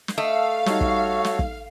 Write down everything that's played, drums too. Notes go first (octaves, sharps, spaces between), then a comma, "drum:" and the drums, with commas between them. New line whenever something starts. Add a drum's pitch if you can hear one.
drum: snare
A3 D#5 F5
G3 D#4 F#4 A4 C#5, drum: snare
drum: kick
drum: snare
drum: kick